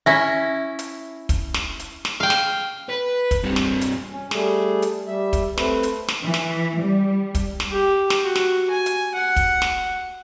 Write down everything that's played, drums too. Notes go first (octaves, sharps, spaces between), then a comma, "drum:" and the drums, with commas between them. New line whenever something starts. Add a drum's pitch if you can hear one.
C#4 E4 E5
drum: hi-hat
drum: kick, hi-hat
drum: snare
drum: hi-hat
drum: snare
F5 G5
drum: snare
B4
drum: kick, hi-hat
G2 C4
drum: snare
drum: hi-hat
C#4
G3 A3 G#4, drum: snare
drum: hi-hat
G3 E5
drum: kick, hi-hat
A3 C4 B4, drum: snare
drum: hi-hat
drum: snare
E3
drum: snare
G3
drum: kick, hi-hat
drum: snare
G4
drum: snare
F#4
drum: snare
G#5
drum: hi-hat
F#5
drum: kick, hi-hat
drum: snare